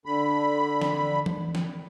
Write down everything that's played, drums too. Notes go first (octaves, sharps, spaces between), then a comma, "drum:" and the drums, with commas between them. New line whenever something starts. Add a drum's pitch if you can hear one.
D3 B5
drum: snare
drum: tom E3
drum: snare